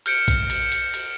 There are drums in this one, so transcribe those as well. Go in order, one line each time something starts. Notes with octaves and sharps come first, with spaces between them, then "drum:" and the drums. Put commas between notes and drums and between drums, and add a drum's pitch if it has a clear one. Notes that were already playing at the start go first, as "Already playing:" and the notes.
F6 G6 C#7 D7 E7, drum: cymbal
drum: kick B1, cymbal
drum: cymbal
drum: cymbal
drum: cymbal